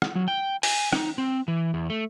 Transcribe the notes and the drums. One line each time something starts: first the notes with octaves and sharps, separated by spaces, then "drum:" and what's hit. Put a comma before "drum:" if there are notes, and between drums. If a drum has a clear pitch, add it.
drum: rim click
F#3
G5
G#5, drum: open hi-hat
D#4, drum: rim click
C4
E3
E2
A3